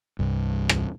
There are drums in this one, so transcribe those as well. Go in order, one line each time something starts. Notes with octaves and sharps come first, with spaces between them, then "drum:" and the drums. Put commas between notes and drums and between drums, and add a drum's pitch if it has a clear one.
C2 G2
drum: rim click